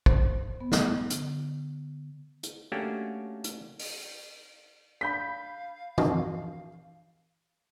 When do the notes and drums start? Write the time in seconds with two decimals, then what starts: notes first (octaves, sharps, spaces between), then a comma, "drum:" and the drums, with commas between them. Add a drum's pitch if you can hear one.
0.06 C5, drum: kick
0.61 B3
0.72 drum: snare
1.10 D3, drum: hi-hat
2.43 drum: hi-hat
2.72 A3 A#3 C#4 D4 F#4 G4
3.44 drum: hi-hat
3.79 drum: open hi-hat
5.01 F5 B5 G6 B6
5.98 drum: tom